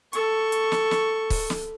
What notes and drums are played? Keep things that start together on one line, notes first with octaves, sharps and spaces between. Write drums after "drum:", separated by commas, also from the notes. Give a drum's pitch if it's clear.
A4 C#6, drum: hi-hat
drum: hi-hat
drum: snare
drum: snare
drum: kick, open hi-hat
drum: snare